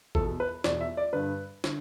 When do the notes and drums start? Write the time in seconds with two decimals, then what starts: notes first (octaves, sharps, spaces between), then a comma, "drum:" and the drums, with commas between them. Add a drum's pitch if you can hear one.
0.15 E2 B2 A4, drum: kick
0.40 B4
0.64 E2 B2 D5, drum: snare
0.81 E5
0.97 D5
1.13 G2 D3 B4
1.64 D3, drum: snare